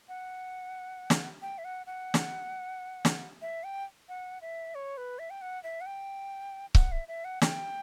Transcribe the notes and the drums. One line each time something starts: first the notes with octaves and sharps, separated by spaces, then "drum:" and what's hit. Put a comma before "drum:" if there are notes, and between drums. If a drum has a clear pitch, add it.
F#5
drum: snare
G5
E5
F#5
F#5
drum: snare
drum: snare
E5
G5
F#5
E5
C#5
B4
E5
G5
F#5
E5
F#5
G5
F#5, drum: kick C#1
E5
E5
F#5
G5, drum: snare